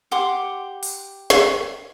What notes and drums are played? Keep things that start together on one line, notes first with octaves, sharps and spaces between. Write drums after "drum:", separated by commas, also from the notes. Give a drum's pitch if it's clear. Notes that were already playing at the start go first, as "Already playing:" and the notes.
G4 F#5 C6 D6
drum: open hi-hat
drum: snare